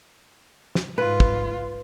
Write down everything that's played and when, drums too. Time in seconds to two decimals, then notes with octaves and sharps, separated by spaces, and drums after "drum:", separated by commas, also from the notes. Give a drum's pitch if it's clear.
0.75 drum: snare
0.98 G#2 F4 B4
1.20 drum: kick